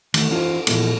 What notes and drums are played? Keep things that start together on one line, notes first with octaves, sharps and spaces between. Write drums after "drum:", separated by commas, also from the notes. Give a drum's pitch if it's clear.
D#3 E3 A3, drum: cymbal
E3 C#4 D#4 F4 C5
A#2 E3 F3 G#3 B3, drum: cymbal